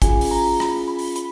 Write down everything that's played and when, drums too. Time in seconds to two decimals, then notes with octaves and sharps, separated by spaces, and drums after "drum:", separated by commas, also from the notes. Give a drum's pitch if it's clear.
0.02 C#4 F4 G#4 G#5, drum: kick A1, hi-hat
0.21 drum: open hi-hat
0.31 A#5
0.60 B5, drum: rim click
0.88 B5
0.99 drum: open hi-hat
1.16 B5, drum: hi-hat